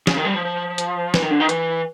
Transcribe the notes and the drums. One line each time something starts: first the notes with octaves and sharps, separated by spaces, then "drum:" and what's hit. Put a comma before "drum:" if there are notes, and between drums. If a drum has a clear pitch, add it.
C#3, drum: snare
D#3
G3
F3
drum: hi-hat
E3, drum: snare
D#3
D3
D#3
E3, drum: hi-hat